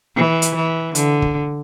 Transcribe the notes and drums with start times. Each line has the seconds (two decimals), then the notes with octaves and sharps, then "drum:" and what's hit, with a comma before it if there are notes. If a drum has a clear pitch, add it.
0.16 E3
0.42 drum: hi-hat
0.55 E3
0.95 D3, drum: hi-hat
1.22 drum: kick